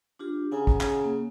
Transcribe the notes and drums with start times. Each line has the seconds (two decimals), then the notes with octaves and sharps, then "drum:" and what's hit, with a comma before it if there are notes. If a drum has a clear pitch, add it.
0.19 D4 F4 G4
0.52 C#3 F#5 G#5 A#5
0.67 drum: kick
0.81 C#3, drum: clap
1.04 A#3